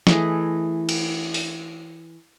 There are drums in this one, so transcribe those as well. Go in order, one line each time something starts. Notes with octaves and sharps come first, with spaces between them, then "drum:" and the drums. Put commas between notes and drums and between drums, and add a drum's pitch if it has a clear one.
E3 A3 G#4 D#5, drum: snare
drum: cymbal
drum: open hi-hat